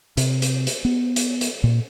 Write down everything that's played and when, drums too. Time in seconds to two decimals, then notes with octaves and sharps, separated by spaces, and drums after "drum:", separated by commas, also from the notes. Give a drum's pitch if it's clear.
0.17 C3, drum: hi-hat
0.42 drum: hi-hat
0.67 drum: hi-hat
0.85 B3
1.16 drum: hi-hat
1.41 drum: hi-hat
1.64 A#2